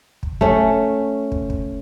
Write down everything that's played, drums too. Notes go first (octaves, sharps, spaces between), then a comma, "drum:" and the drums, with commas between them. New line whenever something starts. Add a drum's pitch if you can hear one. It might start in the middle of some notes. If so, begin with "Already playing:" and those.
drum: kick
A3 C#4, drum: kick
drum: kick
drum: kick